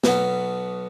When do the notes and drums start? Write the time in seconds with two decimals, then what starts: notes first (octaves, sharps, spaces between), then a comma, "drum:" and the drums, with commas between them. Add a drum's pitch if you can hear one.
0.04 B1 B2 B3, drum: snare